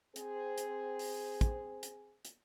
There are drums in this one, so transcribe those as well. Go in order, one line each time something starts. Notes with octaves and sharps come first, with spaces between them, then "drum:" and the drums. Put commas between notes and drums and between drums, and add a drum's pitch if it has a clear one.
C4 G#4 C5, drum: hi-hat
drum: hi-hat
drum: open hi-hat
drum: kick, hi-hat
drum: hi-hat
drum: hi-hat